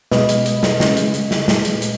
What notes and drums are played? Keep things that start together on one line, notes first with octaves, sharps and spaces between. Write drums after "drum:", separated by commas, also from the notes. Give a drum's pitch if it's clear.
B2 G#3 B4 D#5, drum: snare
drum: hi-hat
drum: hi-hat
drum: snare
C#3 G#3, drum: snare
drum: hi-hat
drum: hi-hat
drum: snare
A#2 G#3, drum: snare
drum: hi-hat
drum: hi-hat